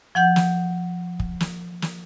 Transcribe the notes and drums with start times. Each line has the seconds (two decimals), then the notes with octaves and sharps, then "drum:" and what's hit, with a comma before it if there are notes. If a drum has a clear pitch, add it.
0.15 F3 F#5 G6
0.36 drum: snare
1.20 drum: kick
1.40 drum: snare
1.82 drum: snare